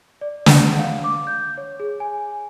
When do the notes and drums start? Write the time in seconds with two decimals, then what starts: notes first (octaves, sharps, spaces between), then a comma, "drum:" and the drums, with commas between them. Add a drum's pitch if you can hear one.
0.21 D5
0.46 F#5, drum: snare
0.78 F5
1.04 D6
1.27 G6
1.57 C#5
1.80 G#4
2.00 G#5